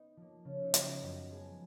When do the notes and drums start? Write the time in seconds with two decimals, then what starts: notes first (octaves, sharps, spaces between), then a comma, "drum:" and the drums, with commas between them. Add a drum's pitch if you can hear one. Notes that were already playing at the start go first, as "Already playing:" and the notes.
Already playing: B3 D#4
0.17 F3 A#3
0.45 C#3 F4
0.64 D#4
0.74 F#3 B3, drum: hi-hat
0.83 D#4
1.01 F#2 F#3 F#4
1.28 F3 G#3 B3 G#4